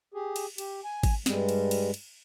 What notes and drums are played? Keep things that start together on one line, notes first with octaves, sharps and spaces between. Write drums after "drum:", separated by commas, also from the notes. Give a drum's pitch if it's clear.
G4 G#4
drum: cymbal
G4, drum: cymbal
G#5
drum: kick G#1, cymbal
G2 G3 G#3, drum: snare
drum: cymbal
drum: cymbal
drum: cymbal